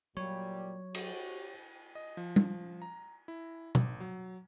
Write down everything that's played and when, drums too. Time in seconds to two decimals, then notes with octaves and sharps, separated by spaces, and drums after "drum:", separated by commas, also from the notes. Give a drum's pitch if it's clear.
0.17 A#2 F#3 G3 C#5
0.95 F#4 G4, drum: cymbal
1.95 D#5
2.17 F3
2.36 drum: tom G3
2.82 A#5
3.28 E4
3.75 G#1, drum: tom B2
4.00 F#3